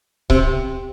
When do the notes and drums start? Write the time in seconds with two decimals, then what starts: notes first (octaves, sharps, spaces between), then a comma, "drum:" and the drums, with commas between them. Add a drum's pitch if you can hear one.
0.30 C3, drum: kick C#1